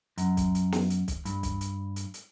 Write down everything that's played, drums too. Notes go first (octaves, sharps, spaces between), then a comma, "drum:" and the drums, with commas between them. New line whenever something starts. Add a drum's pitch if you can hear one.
F#2, drum: hi-hat
drum: kick B1, hi-hat
drum: hi-hat
drum: snare
drum: hi-hat
drum: kick B1, hi-hat
G2, drum: hi-hat
drum: kick B1, hi-hat
drum: hi-hat
drum: hi-hat
drum: hi-hat